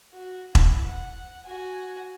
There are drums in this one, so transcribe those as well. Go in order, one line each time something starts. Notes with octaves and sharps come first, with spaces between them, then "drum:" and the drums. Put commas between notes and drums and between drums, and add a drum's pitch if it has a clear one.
F#4
E4, drum: kick E1
F#5
F#4 G#5